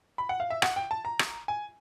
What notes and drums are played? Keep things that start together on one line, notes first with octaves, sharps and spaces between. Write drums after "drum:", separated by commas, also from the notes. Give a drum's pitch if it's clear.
B5
F#5
F5
E5
F#5, drum: rim click
G5
A5
A#5
drum: rim click
G#5